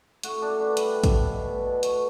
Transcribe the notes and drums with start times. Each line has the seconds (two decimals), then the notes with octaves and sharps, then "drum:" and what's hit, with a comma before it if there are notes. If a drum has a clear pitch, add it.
0.23 A2 F#4, drum: hi-hat
0.41 A2 D4
0.59 E3 D4
0.77 G3 E4, drum: hi-hat
0.94 A2
1.04 drum: kick, hi-hat
1.13 A2
1.30 B2
1.48 B2
1.66 B2
1.83 A3 C#5, drum: hi-hat